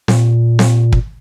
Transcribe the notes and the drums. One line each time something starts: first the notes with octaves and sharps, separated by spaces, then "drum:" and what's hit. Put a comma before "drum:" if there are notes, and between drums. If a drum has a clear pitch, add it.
A#2, drum: snare C4
drum: snare C4
drum: kick